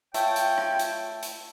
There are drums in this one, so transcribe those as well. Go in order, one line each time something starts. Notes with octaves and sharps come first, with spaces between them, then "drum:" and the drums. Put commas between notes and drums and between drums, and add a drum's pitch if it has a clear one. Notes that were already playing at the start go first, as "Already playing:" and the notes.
A3 F4 C#5 G5, drum: hi-hat
drum: hi-hat
drum: rim click
drum: hi-hat
drum: hi-hat